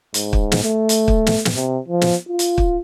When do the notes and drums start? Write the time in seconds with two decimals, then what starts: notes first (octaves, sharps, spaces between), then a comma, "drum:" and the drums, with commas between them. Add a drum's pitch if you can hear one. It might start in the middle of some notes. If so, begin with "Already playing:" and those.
0.14 G#2, drum: hi-hat
0.33 drum: kick
0.52 drum: snare
0.63 A3
0.89 drum: hi-hat
1.08 drum: kick
1.26 drum: snare
1.45 drum: snare
1.55 C3
1.88 F3
2.01 drum: snare
2.29 F4
2.39 drum: hi-hat
2.58 drum: kick